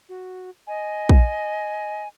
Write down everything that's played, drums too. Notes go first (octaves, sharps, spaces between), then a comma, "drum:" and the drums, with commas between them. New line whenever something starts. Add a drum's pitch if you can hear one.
F#4
D#5 G#5
drum: kick